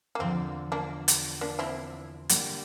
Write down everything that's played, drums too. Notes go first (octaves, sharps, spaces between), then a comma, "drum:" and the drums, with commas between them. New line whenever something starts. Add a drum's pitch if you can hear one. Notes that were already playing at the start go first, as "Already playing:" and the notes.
A#3
E2 D3 F3 C4
A#3 D4
drum: hi-hat
A#3 D4
C4 E4
D3 G3 A#3, drum: hi-hat